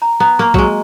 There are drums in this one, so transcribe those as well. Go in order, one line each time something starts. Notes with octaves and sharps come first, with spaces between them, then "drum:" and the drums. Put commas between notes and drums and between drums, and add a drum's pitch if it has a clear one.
A#5
B3 A#5
A#3 C#6
F#3 G#3 C#6, drum: kick